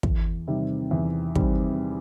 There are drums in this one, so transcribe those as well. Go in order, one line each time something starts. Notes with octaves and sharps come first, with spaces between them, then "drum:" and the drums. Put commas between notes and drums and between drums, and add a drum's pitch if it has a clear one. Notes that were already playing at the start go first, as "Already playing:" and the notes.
E2, drum: kick
C3 D#3 G3 C4
E2
C3 D#3 G3 C4, drum: kick